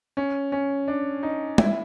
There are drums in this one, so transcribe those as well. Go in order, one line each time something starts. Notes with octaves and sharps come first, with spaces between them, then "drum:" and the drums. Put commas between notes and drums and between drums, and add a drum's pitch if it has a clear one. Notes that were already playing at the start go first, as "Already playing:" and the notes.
C#4
C#4
D4
D#4
E4, drum: tom